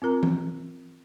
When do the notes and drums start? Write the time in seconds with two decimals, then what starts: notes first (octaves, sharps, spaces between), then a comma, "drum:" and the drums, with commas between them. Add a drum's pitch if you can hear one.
0.02 C4 F4 A#4 A#5
0.23 drum: tom E3